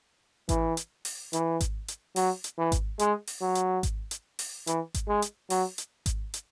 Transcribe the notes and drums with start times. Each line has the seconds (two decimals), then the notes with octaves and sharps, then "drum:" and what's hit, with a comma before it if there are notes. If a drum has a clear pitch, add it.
0.49 E3, drum: kick G#1, hi-hat
0.77 drum: hi-hat
1.05 drum: open hi-hat
1.33 E3, drum: hi-hat
1.60 drum: kick G#1, hi-hat
1.88 drum: hi-hat
2.16 F#3, drum: open hi-hat
2.44 drum: hi-hat
2.58 E3
2.72 drum: kick G#1, hi-hat
2.99 G#3, drum: hi-hat
3.27 drum: open hi-hat
3.41 F#3
3.55 drum: hi-hat
3.83 drum: kick G#1, hi-hat
4.11 drum: hi-hat
4.39 drum: open hi-hat
4.67 E3, drum: hi-hat
4.94 drum: kick G#1, hi-hat
5.08 G#3
5.22 drum: hi-hat
5.50 F#3, drum: open hi-hat
5.78 drum: hi-hat
6.06 drum: kick G#1, hi-hat
6.34 drum: hi-hat